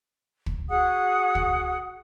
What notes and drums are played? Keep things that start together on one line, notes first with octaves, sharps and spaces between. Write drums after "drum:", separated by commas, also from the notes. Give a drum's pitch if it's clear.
drum: kick
F#4 G#4 F#5 D#6
drum: kick